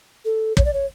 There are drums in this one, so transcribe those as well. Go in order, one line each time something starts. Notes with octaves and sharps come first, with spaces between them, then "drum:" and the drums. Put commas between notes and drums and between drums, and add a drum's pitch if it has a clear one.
A4
C#5, drum: kick
D5
C#5